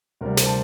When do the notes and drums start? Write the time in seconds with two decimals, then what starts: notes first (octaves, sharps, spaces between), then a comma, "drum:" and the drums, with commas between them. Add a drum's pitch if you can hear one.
0.21 D2 C3 G3 A#4
0.37 C5, drum: snare
0.46 A5